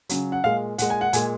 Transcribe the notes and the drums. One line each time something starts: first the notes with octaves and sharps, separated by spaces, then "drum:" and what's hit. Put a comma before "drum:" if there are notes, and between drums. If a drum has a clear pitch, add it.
C#3 F#3, drum: hi-hat
F#5
A#2 G#3 F5
A#2 G#3 F#5, drum: hi-hat
G#5
F#5
A#2 G#3 G#5, drum: hi-hat